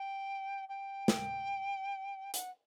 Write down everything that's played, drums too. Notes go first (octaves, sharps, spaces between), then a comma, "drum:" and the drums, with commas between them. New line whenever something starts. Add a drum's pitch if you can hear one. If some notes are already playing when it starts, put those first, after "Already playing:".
Already playing: G5
G5
drum: snare
F#5, drum: hi-hat